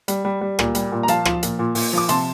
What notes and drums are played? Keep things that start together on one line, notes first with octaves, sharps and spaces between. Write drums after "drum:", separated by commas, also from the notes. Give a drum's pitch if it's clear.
G3, drum: hi-hat
G3
G3
A#2, drum: rim click
G3, drum: hi-hat
A#2
A#5
F3 F5 A5, drum: hi-hat
F3, drum: rim click
A#2, drum: hi-hat
A#2
A#2, drum: open hi-hat
F3 D6
C3 A5 C6, drum: hi-hat